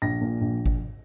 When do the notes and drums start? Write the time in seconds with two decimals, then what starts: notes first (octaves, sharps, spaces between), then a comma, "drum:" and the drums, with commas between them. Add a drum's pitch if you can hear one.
0.02 A#1 A#6
0.21 A#2
0.41 A#1
0.66 drum: kick G#1